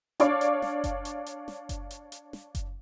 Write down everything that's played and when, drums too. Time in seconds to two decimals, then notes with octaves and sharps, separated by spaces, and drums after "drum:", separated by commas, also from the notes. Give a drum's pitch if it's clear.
0.20 D4 C#5 D5 F5 C#6 D6, drum: hi-hat
0.41 drum: hi-hat
0.62 drum: snare
0.84 drum: kick F#1, hi-hat
1.05 drum: hi-hat
1.26 drum: hi-hat
1.48 drum: snare
1.69 drum: kick F#1, hi-hat
1.91 drum: hi-hat
2.12 drum: hi-hat
2.33 drum: snare
2.55 drum: kick F#1, hi-hat